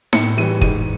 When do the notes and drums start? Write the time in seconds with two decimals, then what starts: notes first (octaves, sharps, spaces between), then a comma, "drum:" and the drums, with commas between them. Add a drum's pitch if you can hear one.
0.13 A2 C#7, drum: snare D#4
0.37 E3 G3 D#7
0.61 G#2 D#7, drum: kick